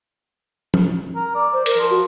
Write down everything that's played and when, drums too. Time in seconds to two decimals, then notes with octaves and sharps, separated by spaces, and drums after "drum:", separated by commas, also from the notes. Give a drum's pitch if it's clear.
0.74 drum: tom F3
1.15 A#4
1.35 D5
1.53 C5
1.66 A#4, drum: hi-hat
1.78 F3
1.90 F#4